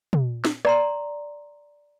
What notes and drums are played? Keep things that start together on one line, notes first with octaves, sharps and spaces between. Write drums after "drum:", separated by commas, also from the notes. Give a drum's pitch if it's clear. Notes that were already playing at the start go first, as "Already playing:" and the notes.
drum: tom
drum: snare
D5 A#5 C6, drum: rim click